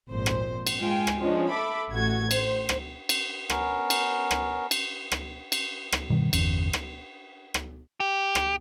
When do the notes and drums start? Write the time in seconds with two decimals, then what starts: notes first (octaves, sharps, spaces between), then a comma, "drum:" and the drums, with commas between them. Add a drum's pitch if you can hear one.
0.10 G#1 F2 A#2 C5
0.26 drum: rim click
0.67 drum: cymbal
0.81 G#3 F4 G5 G#5
1.07 drum: rim click
1.21 F3 G#3 C#4 D4
1.52 A4 E5 B5 D6
1.91 A1 A3 F#4 G#6
2.31 C5, drum: cymbal
2.69 drum: rim click
3.09 drum: cymbal
3.50 B3 C#4 A#4, drum: rim click
3.90 drum: cymbal
4.31 drum: rim click
4.71 drum: cymbal
5.12 drum: rim click
5.52 drum: cymbal
5.92 drum: rim click
6.10 G2 B2 D#3 G3
6.33 G1 E2 C#4, drum: cymbal
6.73 drum: rim click
7.54 drum: rim click
8.00 G4
8.35 drum: rim click